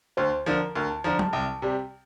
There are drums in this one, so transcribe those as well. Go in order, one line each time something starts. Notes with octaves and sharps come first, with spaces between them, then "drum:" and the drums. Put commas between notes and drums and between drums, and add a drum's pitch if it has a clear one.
D2 C5
D3 F3 A#4
D2 A#4
A5
D3 F3 A#5
A5, drum: tom F#3
C2
C3 G3